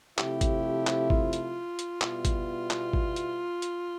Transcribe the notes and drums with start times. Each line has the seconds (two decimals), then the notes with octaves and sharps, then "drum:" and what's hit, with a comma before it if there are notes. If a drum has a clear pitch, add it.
0.18 C3 F3 A3 E4 G4, drum: clap
0.41 drum: kick, hi-hat
0.87 drum: clap
1.10 F4, drum: kick
1.33 drum: hi-hat
1.79 drum: hi-hat
2.01 B2 G3 B3 E4 F4, drum: clap
2.25 drum: kick, hi-hat
2.71 drum: clap
2.93 drum: kick
3.16 drum: hi-hat
3.62 drum: hi-hat